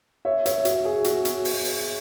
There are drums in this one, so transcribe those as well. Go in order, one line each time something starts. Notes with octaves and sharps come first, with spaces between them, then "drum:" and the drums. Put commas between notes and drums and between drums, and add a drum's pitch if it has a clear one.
C#5 E5
C#5 E5, drum: hi-hat
F#4, drum: hi-hat
G#4
F#4, drum: hi-hat
drum: hi-hat
drum: open hi-hat
drum: open hi-hat